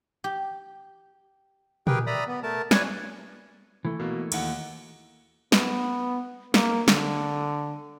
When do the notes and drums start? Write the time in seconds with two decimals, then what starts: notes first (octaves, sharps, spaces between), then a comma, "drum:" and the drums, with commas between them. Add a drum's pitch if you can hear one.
0.24 G4
1.87 G4 G#4 A#4 B4 G5, drum: tom A#2
2.07 D5 E5 A#5 B5 D#6
2.27 B3
2.43 A3 A#4 A5
2.71 B4 C#5 D5 G#5 C#6, drum: snare
3.85 E3 A3
4.00 B2 A#3
4.32 D#2 F#5, drum: cymbal
5.52 B3, drum: snare
6.54 A#3, drum: snare
6.88 D3, drum: snare